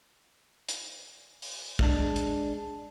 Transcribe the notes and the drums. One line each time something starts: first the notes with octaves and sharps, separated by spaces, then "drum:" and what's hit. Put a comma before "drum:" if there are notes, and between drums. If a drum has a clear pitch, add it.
drum: hi-hat
drum: open hi-hat
G#3 D4, drum: kick
drum: hi-hat